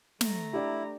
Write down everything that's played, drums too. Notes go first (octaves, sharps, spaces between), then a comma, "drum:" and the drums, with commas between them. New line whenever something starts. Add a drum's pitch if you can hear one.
A3 A#5, drum: snare
D4 E4 G4